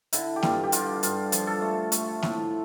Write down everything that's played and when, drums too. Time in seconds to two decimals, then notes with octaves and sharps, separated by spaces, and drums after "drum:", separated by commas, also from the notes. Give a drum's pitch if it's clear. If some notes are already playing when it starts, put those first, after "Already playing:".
0.13 D3 E4, drum: hi-hat
0.36 G4
0.43 G2 F4, drum: snare A#3
0.63 G4
0.72 D3 F4, drum: hi-hat
1.03 G2 F4, drum: hi-hat
1.32 F3, drum: hi-hat
1.47 A4
1.62 A3
1.92 A3, drum: hi-hat
2.23 A2, drum: snare A#3